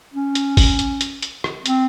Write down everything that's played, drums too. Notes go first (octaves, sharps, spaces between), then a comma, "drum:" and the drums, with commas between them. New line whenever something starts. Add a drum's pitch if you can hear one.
C#4
drum: hi-hat
drum: kick G1, open hi-hat
drum: hi-hat
drum: hi-hat
drum: hi-hat
drum: rim click
C4, drum: hi-hat